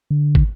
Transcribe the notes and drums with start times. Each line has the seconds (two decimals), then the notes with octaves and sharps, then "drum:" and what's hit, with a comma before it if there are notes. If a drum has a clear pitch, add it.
0.10 D3
0.35 drum: kick